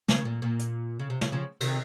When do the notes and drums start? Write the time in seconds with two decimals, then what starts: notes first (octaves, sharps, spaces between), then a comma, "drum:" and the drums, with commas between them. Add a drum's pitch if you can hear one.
0.08 C#3, drum: snare
0.25 A#2
0.42 A#2
0.59 drum: hi-hat
0.99 C#3
1.10 C3
1.21 C#3, drum: snare
1.32 C#3 F3
1.61 C3 D#3, drum: cymbal